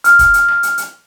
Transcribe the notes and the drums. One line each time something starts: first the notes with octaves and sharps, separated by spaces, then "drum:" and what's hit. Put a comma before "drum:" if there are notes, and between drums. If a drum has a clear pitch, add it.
F6, drum: hi-hat
drum: kick, hi-hat
drum: hi-hat
drum: rim click
drum: hi-hat
drum: hi-hat